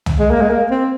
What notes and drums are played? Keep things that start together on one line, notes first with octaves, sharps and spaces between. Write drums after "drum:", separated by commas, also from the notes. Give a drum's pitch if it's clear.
drum: tom
G#3
A#3
G#3
A#3
C4